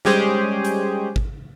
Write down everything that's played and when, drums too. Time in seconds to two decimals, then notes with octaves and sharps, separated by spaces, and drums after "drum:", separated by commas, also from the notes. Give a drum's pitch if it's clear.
0.05 G3 G#3 C#4 G4 G#4 C5, drum: snare
0.65 drum: hi-hat
1.16 drum: kick G#1